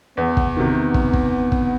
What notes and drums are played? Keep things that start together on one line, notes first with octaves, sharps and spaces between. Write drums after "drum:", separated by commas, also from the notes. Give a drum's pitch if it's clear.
E2 B3
drum: kick
C3 D#3
drum: kick
drum: kick
drum: kick